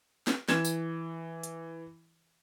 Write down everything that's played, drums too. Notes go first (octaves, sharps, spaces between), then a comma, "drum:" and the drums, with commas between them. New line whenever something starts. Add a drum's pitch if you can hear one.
drum: snare
E3 G#6 E7, drum: snare
drum: tambourine
drum: hi-hat